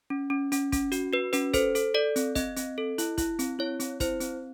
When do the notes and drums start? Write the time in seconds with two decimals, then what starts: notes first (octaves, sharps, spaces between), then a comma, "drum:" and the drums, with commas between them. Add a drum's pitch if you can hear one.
0.10 C#4
0.30 C#4
0.52 C#4, drum: hi-hat
0.72 C#4, drum: kick, hi-hat
0.92 F#4, drum: hi-hat
1.13 F#4 B4
1.33 C#4 B4, drum: hi-hat
1.54 A4 C5, drum: kick, hi-hat
1.75 A4, drum: hi-hat
1.94 A4 D5
2.16 C4, drum: hi-hat
2.35 C4 D#5, drum: kick, hi-hat
2.56 C4, drum: hi-hat
2.78 A4
2.98 E4, drum: hi-hat
3.18 E4, drum: kick, hi-hat
3.39 C4, drum: hi-hat
3.59 E4 C#5
3.80 C4, drum: hi-hat
4.00 E4 C5, drum: kick, hi-hat
4.20 C4, drum: hi-hat